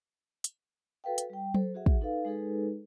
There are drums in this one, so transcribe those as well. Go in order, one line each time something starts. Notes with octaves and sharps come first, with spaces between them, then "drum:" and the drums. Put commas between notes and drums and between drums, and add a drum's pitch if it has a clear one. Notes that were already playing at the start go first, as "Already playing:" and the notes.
drum: hi-hat
F#4 A4 B4 F5 G5
drum: hi-hat
G3 G5
A4 C5, drum: tom F#3
F#4 G#4 E5 F#5
drum: kick
D#4 A4 B4 F5
G#3 D#4 G#4 A4 B4